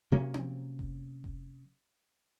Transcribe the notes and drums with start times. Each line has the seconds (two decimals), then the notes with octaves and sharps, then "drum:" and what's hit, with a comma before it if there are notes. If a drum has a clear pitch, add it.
0.12 C3 F#3 A#3 C#4
0.34 drum: tom C4
0.79 drum: kick F1
1.24 drum: kick F1